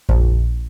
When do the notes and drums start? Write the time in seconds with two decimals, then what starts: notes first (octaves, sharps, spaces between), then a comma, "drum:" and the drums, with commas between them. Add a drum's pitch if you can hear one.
0.09 A#1, drum: kick F#2